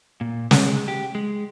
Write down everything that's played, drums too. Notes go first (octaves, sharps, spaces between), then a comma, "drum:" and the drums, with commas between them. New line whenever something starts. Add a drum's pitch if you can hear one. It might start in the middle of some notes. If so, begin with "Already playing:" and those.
A#2
G#3, drum: snare
G4
G#3